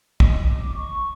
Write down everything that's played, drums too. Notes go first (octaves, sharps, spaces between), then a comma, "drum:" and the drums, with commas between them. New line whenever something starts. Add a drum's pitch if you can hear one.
D#5, drum: kick
D6
C#6